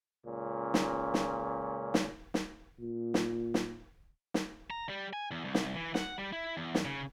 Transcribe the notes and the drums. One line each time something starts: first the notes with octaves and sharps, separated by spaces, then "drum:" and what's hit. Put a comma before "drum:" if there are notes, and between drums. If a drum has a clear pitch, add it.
C#2 A#2 C#4
drum: snare
drum: snare
drum: snare
drum: snare
A#2
drum: snare
drum: snare
drum: snare
A#5
G3
G#5
E2
C2
drum: snare
E3
F#5, drum: snare
G3
E4
E2
drum: snare
C#3